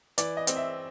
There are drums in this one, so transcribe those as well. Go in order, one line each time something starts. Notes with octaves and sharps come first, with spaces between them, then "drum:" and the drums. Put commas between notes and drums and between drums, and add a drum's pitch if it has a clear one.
E3 D5, drum: hi-hat
D#5
C4, drum: hi-hat
E5